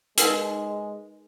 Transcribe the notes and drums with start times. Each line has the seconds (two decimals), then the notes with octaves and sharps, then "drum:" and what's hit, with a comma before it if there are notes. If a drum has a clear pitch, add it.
0.18 G#3 D#4 A#4 B4, drum: hi-hat